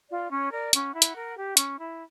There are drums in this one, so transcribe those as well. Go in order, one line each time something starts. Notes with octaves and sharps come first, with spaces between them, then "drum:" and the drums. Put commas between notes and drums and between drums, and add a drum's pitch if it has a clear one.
F4 D5
C#4 C#5
A#4 D5
C#4 F#5, drum: hi-hat
E4
F#5, drum: hi-hat
A#4
G4
C#4, drum: hi-hat
E4